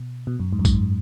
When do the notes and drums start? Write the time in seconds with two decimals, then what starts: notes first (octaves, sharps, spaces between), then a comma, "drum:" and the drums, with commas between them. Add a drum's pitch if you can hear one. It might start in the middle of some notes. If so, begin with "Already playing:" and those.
Already playing: B2
0.27 B2
0.40 F#2
0.53 G#2
0.59 F#2
0.65 G#2, drum: kick A1, tambourine